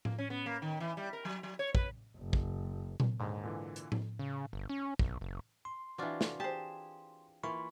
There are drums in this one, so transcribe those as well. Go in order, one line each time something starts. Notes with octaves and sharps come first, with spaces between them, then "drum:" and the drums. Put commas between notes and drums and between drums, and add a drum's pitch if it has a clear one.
A#3, drum: tom A2
C#4
B3
A#3
D#3
E3
G3
A#4
F#3
F#3
C#5
B4, drum: kick
F#1
drum: kick
drum: tom A#2
D#2 G#2 D3
A#2 D3 E3
drum: hi-hat
drum: tom A2
C#3
G1
C#4
B1, drum: kick
F#1
C6
E3 C4 D4 F4 F#4
drum: snare
G4 G#4 C5 A5
E3 A#3 F4 B5 C#6